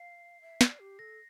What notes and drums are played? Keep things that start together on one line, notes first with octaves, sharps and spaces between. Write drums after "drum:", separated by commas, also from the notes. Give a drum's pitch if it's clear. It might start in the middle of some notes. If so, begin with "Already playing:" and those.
Already playing: F5 C7
E5
D5, drum: snare
G4
A4 A#6